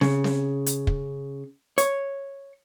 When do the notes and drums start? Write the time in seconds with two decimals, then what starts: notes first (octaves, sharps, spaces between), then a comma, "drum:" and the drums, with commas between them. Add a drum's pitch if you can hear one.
0.01 C#3, drum: snare C4
0.24 drum: snare C4
0.66 drum: hi-hat
0.87 drum: kick
1.78 C#5, drum: hi-hat